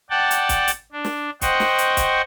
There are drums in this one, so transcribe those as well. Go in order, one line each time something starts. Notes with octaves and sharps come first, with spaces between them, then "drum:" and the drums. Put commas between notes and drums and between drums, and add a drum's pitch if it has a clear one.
D5 F#5 G5 A5
drum: hi-hat
drum: kick, hi-hat
drum: hi-hat
D4
drum: snare
C5 D#5 F#5 G5 C#6, drum: kick, hi-hat
drum: snare
drum: hi-hat
drum: kick, hi-hat